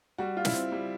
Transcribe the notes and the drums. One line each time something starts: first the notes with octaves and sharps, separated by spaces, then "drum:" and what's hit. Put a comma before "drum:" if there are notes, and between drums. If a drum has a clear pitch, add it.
G3 F#4
F4
E4, drum: snare
C4
G3